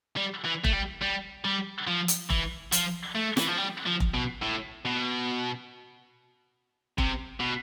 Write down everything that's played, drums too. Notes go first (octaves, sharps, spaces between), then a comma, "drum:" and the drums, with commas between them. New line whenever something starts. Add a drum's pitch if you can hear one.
G3
E3
A3, drum: kick F1
G3
G3
G3
F3
drum: hi-hat
E3, drum: kick F1
F3, drum: hi-hat
A3
E3, drum: snare
F3
G3
F3
drum: kick F1
B2
A2
B2
C3, drum: kick F1
B2